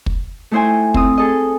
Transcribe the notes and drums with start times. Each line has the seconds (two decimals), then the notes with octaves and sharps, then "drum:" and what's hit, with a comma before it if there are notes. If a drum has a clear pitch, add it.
0.06 drum: kick
0.51 A3 D#4 E4 C5 G5 G#5
0.94 C4 D#6, drum: kick
1.18 G#4 A4 D#5